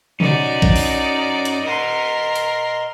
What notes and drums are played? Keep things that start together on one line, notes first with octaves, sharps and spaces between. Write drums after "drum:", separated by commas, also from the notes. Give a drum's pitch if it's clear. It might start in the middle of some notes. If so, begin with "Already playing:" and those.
C#4 D#4 F#4 D5, drum: tom B2
drum: kick A1
drum: open hi-hat
drum: hi-hat
A#4 D#5 F#5 C6
drum: hi-hat